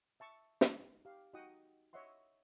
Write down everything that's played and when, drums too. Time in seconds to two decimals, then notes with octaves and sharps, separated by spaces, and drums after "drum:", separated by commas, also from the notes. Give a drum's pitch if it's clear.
0.20 E5 A5 C#6
0.61 drum: snare
0.74 D#4
1.05 G4 F5
1.33 D#4 F#4 D#5 F#5 G5 D#6
1.93 C#5 D#5 E5 F#5 C6